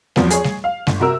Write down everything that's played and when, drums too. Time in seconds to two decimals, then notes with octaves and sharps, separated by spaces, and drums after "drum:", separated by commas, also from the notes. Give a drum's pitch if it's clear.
0.16 E2 F3 F#3 B3 C4, drum: snare G3
0.31 G#4 C#5, drum: hi-hat
0.44 drum: snare G3
0.64 F5
0.87 G1, drum: snare G3
1.00 C3 F#4 A#4 E6